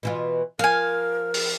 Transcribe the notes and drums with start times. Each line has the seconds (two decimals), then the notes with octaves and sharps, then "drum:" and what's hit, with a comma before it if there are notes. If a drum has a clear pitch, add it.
0.03 B2 E3 F4
0.59 F3 A#4 F5 G#5
1.34 drum: open hi-hat